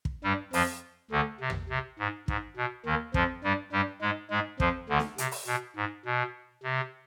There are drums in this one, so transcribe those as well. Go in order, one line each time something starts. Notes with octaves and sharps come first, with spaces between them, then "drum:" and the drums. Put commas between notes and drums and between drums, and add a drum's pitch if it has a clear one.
drum: kick
G2 G3
F2 F3, drum: open hi-hat
D2 D3
C3
drum: tom
C3
G#2
G#2, drum: kick
B2
D#2 D#3
F2 F3, drum: kick
G2 G3
G2 G3
G#2 G#3
G#2 G#3
F2 F3, drum: kick
D2 D3
drum: snare
C3, drum: hi-hat
drum: open hi-hat
B2
G#2
B2
C3